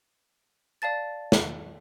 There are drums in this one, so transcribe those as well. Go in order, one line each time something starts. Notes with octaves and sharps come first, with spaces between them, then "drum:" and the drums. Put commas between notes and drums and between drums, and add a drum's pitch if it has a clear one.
D5 F5 A5 A6
drum: snare